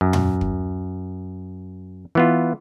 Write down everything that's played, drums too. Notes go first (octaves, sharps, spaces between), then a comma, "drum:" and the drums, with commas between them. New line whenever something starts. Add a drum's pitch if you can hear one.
F#2
drum: tom
drum: kick
E3 B3 F4